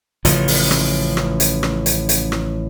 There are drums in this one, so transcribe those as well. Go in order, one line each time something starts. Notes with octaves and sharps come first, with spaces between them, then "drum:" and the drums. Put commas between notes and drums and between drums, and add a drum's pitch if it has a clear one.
A1 C#3 F3, drum: hi-hat
drum: open hi-hat
drum: rim click
drum: rim click
drum: hi-hat
drum: rim click
drum: hi-hat
drum: hi-hat
drum: rim click